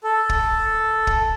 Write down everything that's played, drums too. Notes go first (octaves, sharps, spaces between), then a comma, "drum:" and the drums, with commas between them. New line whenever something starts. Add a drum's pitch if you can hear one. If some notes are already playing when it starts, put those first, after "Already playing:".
A4
drum: kick
drum: kick